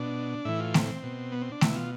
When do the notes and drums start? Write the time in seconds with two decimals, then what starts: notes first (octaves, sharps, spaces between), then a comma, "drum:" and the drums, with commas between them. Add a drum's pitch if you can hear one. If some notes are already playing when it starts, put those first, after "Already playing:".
Already playing: B2 D4
0.45 A2 E3 E4
0.60 F4
0.74 C4, drum: snare A3
1.03 B2
1.32 B3
1.41 C4
1.52 D4
1.61 B2 E4, drum: snare A3
1.76 F4